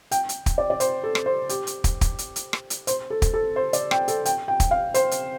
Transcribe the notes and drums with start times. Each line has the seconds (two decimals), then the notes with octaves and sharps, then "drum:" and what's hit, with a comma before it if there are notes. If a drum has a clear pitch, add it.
0.11 G5, drum: hi-hat
0.29 drum: hi-hat
0.46 drum: kick, hi-hat
0.58 D5
0.70 D5
0.80 C5, drum: hi-hat
1.04 A4
1.15 drum: rim click
1.26 C5
1.49 G4, drum: hi-hat
1.67 drum: hi-hat
1.84 drum: kick, hi-hat
2.01 drum: kick, hi-hat
2.18 drum: hi-hat
2.36 drum: hi-hat
2.53 drum: rim click
2.70 drum: hi-hat
2.87 C5, drum: hi-hat
3.10 A4
3.22 drum: kick, hi-hat
3.34 A4
3.56 C5
3.73 D5, drum: hi-hat
3.91 G5, drum: rim click
4.08 A4, drum: hi-hat
4.25 G5, drum: hi-hat
4.48 G5
4.60 drum: kick, hi-hat
4.71 F5
4.94 C5, drum: hi-hat
5.11 drum: hi-hat